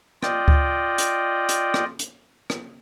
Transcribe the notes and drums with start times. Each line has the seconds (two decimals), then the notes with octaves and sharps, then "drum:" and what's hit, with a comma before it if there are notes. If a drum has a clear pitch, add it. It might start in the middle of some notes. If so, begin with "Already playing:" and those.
0.23 F4 D5 D#5 G5, drum: rim click
0.48 drum: kick C#2
0.98 drum: hi-hat
1.49 drum: hi-hat
1.74 drum: rim click
1.99 drum: hi-hat
2.50 drum: rim click